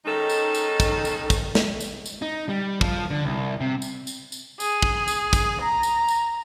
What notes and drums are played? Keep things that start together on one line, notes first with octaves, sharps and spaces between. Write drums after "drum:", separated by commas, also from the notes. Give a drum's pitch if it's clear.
D#3 G#3 C#4 D#4 A4
drum: tambourine
drum: tambourine
drum: kick, tambourine
drum: tambourine
drum: kick, tambourine
drum: snare
drum: tambourine
drum: tambourine
D#4
G3
F3, drum: kick
D3
C2
C3
drum: tambourine
drum: tambourine
drum: tambourine
G#4, drum: tambourine
drum: kick
drum: tambourine
drum: kick, tambourine
A#5
drum: tambourine
drum: tambourine